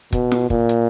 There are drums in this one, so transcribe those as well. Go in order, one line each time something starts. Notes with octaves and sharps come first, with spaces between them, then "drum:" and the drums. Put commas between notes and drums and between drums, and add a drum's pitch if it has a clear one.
B2, drum: kick, hi-hat
drum: snare
A#2, drum: kick
drum: hi-hat